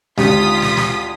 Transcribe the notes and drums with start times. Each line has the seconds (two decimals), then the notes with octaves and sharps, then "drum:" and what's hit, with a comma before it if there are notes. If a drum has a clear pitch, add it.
0.18 G#1 D2 G#3 C#4 F4 G4 D#6 B6, drum: snare
0.62 drum: snare
0.77 drum: snare